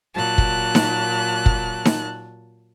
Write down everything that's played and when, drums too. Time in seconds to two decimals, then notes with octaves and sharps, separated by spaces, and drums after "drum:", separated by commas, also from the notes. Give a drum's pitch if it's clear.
0.15 A#2 F#3 A5 F#6
0.38 drum: kick
0.75 drum: snare D#4
1.46 drum: kick
1.85 drum: snare D#4